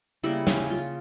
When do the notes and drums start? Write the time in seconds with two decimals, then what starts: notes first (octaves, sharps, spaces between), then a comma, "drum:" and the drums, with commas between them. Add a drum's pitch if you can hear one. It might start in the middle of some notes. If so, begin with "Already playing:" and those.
0.23 C#3 G3 A#3 E4
0.47 C#4, drum: snare
0.70 F4